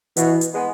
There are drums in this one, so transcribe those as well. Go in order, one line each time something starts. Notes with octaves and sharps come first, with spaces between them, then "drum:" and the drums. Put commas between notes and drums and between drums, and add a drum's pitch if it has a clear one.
B2 E3, drum: hi-hat
drum: hi-hat
G#3 B3